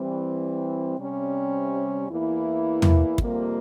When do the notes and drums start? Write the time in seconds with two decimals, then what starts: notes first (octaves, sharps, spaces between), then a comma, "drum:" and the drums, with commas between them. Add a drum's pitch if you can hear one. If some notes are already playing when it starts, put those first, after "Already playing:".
Already playing: E3 G3 C4
0.97 C3 G3 C#4
2.08 E2 E3 A#3 E4
2.82 drum: tom
3.18 F2 C3 G3 A#3 F4, drum: kick